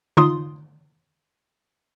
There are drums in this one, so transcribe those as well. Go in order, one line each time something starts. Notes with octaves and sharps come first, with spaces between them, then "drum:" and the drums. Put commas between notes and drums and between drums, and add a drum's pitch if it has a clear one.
D#4 F4 C6 D#6, drum: tom D3